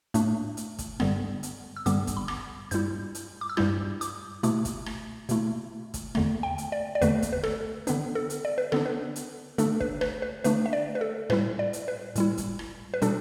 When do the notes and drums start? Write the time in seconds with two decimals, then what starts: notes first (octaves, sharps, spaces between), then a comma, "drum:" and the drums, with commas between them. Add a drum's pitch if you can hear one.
0.14 A2 A3 D4, drum: hi-hat
0.57 drum: hi-hat
0.78 drum: kick, hi-hat
1.00 G2 D3 G3 B3, drum: rim click
1.43 drum: hi-hat
1.77 E6
1.86 G2 D3 G3 B3 D6, drum: hi-hat
2.07 drum: kick, hi-hat
2.17 B5
2.28 D6, drum: rim click
2.71 G2 G3 E4 G6, drum: hi-hat
3.15 drum: hi-hat
3.41 D6
3.49 E6
3.57 G2 G3 E4 G6, drum: rim click
4.01 D6, drum: hi-hat
4.43 B2 A3 E4 D6, drum: hi-hat
4.65 drum: kick, hi-hat
4.86 drum: rim click
5.29 B2 A3 E4, drum: hi-hat
5.94 drum: kick, hi-hat
6.15 E2 D3 A3, drum: rim click
6.43 G5
6.58 drum: hi-hat
6.72 D5
6.95 D5
7.02 E2 D3 A3 B4, drum: hi-hat
7.22 drum: kick, hi-hat
7.33 B4
7.44 A4, drum: rim click
7.87 D3 B3 D4 B4, drum: hi-hat
8.15 A4
8.30 drum: hi-hat
8.45 D5
8.58 B4
8.72 D3 B3 D4 A4, drum: rim click
8.86 B4
9.16 drum: hi-hat
9.58 D3 A3 D4 A4, drum: hi-hat
9.80 B4, drum: kick
10.01 B4, drum: rim click
10.22 B4
10.44 D3 A3 D4 B4, drum: hi-hat
10.66 E5
10.73 D5
10.95 B4
11.01 A4
11.30 A2 G3 E4 B4, drum: rim click
11.59 D5
11.73 drum: hi-hat
11.88 B4
12.16 A2 G3 E4, drum: hi-hat
12.38 drum: kick, hi-hat
12.59 drum: rim click
12.94 B4
13.02 B2 G3 D4 A4, drum: hi-hat